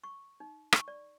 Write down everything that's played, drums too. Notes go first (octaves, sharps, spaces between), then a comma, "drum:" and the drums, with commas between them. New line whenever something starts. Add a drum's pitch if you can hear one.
C#6
D#4
C#6, drum: rim click
D5